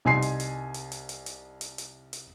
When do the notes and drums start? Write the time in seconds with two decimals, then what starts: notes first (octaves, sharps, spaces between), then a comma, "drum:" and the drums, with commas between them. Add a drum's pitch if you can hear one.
0.05 C2 D#4 G#5 C6 C7
0.22 drum: hi-hat
0.40 drum: hi-hat
0.74 drum: hi-hat
0.92 drum: hi-hat
1.09 drum: hi-hat
1.26 drum: hi-hat
1.61 drum: hi-hat
1.78 drum: hi-hat
2.13 drum: hi-hat